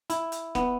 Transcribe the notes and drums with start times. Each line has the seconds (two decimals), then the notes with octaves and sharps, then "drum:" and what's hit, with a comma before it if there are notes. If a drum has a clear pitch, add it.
0.10 E4, drum: hi-hat
0.32 drum: hi-hat
0.55 B3, drum: snare